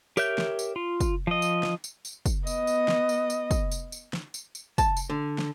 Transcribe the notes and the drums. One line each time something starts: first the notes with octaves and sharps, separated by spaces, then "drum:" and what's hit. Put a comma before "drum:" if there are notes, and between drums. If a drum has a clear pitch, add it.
G4 A#4 C#5 E5 G6, drum: tambourine
drum: snare
drum: tambourine
F4
drum: kick, tambourine
F3 D#5
drum: tambourine
drum: snare
drum: tambourine
drum: tambourine
drum: kick, tambourine
B3 D#5, drum: tambourine
drum: tambourine
drum: snare
drum: tambourine
drum: tambourine
drum: kick, tambourine
drum: tambourine
drum: tambourine
drum: snare
drum: tambourine
drum: tambourine
A5, drum: kick, tambourine
drum: tambourine
D3
drum: snare